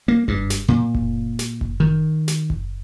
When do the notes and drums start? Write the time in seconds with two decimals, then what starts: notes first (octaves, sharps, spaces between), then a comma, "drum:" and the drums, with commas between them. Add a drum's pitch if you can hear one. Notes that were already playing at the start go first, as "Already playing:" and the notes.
0.08 A#3
0.28 G2, drum: kick F#1
0.50 drum: snare
0.68 A#2
0.95 drum: kick F#1
1.39 drum: snare
1.61 drum: kick F#1
1.80 D#3
2.28 drum: snare
2.50 drum: kick F#1